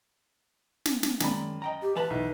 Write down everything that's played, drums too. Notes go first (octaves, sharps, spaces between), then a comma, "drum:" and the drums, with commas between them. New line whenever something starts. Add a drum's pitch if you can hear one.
drum: snare
drum: snare
F#2 D#3 G#3 D5 B5, drum: snare
D#5 G5 A#5
G4
E3 B4 A5 B5
B1 E4